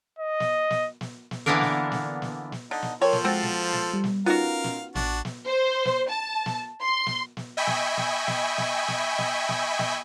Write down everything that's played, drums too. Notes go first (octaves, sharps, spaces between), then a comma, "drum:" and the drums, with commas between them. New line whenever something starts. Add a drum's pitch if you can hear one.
D#5
drum: snare
drum: snare
drum: snare
drum: snare
D3 E3 A#3 B3 D4 A#4
drum: snare
drum: snare
drum: snare
drum: snare
D3 D#4
drum: snare
F3 A4 A#4 C5 C#5 G5
drum: snare
G#3 C4 F#4 A6
drum: snare
drum: snare
G3
drum: snare
B3 C#4 D#4 F4 F#4 A#4 F5
drum: snare
A1 D4 F#4, drum: snare
drum: snare
C5
drum: snare
A5
drum: snare
C6
drum: snare
drum: snare
D#5 E5 G5 G#5 B5 C#6
drum: snare
drum: snare
drum: snare
drum: snare
drum: snare
drum: snare
drum: snare
drum: snare